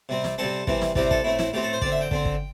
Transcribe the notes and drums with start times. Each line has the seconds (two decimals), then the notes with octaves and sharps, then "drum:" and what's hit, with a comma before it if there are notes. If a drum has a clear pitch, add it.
0.09 C3 G3 C4
0.24 drum: snare
0.38 C3 G3 C4 A4
0.67 C3 E3 G3 C4, drum: kick
0.81 drum: snare
0.95 C3 E3 G3 C4 G4, drum: kick
1.11 A4, drum: kick
1.24 A2 A3 C4 E4
1.39 E4, drum: snare
1.53 A2 A3 C4 G4
1.63 A4
1.73 C5
1.82 D3 C4 D5, drum: kick
1.92 E5
2.01 G5
2.11 D3 C4, drum: kick
2.25 drum: kick